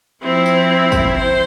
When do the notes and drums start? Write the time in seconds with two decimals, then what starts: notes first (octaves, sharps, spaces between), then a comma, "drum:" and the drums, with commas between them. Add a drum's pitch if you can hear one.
0.23 F3 C4 E4
0.46 drum: tambourine
0.92 drum: kick, tambourine
1.15 C5